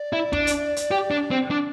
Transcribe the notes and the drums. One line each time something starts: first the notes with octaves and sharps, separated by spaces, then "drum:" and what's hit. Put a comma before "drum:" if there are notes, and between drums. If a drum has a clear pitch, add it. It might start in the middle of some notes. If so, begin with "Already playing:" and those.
Already playing: D5
E4
D4, drum: kick
drum: hi-hat
drum: hi-hat
G4
D4
C4
D4